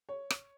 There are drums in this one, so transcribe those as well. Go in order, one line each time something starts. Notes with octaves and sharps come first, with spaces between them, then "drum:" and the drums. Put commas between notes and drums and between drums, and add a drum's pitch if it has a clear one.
C#5
drum: rim click